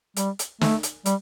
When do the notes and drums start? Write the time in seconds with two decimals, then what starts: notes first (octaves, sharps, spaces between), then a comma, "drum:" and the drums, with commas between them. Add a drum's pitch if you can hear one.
0.16 G3, drum: hi-hat
0.39 drum: hi-hat
0.61 A3, drum: snare
0.83 drum: hi-hat
1.06 G3, drum: hi-hat